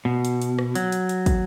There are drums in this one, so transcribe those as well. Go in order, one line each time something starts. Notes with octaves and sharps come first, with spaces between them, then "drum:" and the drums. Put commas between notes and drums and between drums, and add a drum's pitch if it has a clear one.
B2
drum: hi-hat
drum: hi-hat
drum: rim click
F#3, drum: hi-hat
drum: hi-hat
drum: hi-hat
drum: kick, hi-hat